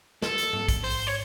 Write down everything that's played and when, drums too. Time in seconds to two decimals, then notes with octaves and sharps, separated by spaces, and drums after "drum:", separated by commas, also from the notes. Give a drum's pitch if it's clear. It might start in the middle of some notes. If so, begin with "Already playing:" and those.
0.22 A4, drum: snare
0.38 drum: hi-hat
0.53 drum: tom G#2
0.68 drum: kick, hi-hat
0.84 C5, drum: open hi-hat
1.07 C#5